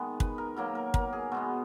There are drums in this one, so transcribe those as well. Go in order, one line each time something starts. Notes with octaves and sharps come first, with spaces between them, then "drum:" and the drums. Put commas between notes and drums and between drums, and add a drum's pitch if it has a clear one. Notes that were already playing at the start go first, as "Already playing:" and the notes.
Already playing: D#3 G#3 B3
B4, drum: kick
A#4
B2 F#3 A#3 A#4
A#4
A#4, drum: kick
G#4
B2 G#3 B3 F#4